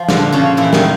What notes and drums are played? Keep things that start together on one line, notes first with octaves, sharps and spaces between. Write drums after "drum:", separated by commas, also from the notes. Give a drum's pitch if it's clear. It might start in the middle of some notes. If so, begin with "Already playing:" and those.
Already playing: F3
A#2 D3 D4, drum: snare
C#3 F3 C#4
A#2 E3 E4
D#3 D#4, drum: snare